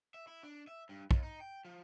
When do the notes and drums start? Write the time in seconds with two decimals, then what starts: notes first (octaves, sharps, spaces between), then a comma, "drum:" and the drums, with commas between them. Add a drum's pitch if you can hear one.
0.14 E5
0.27 E4
0.43 D4
0.67 E5
0.89 G2
1.11 D#2, drum: kick
1.23 D#4
1.40 G5
1.65 F3